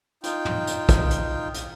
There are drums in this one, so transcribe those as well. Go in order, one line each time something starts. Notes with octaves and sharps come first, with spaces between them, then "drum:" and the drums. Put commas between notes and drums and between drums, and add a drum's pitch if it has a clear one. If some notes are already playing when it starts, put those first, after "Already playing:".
D#4 F4 G5, drum: hi-hat
drum: tom
drum: hi-hat
drum: kick, hi-hat
drum: hi-hat
drum: hi-hat